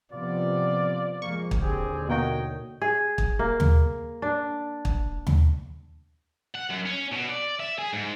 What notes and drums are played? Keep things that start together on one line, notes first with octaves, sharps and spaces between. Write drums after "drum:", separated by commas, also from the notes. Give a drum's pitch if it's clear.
C3 F3 B3 F4 D5
F2 F3 G#3 A#3 C#6
drum: kick
D#2 A#2 D3 C4 G4 G#4
B2 A#3 F#4 C#5 D#5 G5
G#4
drum: kick
A#3
drum: tom D#2
D4
drum: kick
drum: tom D#2
F#5
F#2
C#4
B2
D5
E5
G#4
G#2